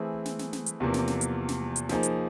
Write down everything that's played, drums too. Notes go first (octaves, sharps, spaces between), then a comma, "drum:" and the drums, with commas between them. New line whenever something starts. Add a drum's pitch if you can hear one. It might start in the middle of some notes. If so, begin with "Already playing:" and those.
Already playing: E3 A3 C4 E4 G#4
drum: snare
drum: snare
drum: snare
drum: hi-hat
E2 C3 F3 A#3
drum: snare
drum: snare
drum: hi-hat
drum: snare
drum: hi-hat
F3 A#3 D#4 G#4, drum: snare
drum: hi-hat